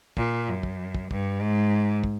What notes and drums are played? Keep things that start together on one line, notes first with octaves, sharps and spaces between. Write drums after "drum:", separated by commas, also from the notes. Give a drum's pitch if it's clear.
A#2, drum: kick
F#2
drum: kick
drum: kick
G2, drum: kick
G#2
drum: kick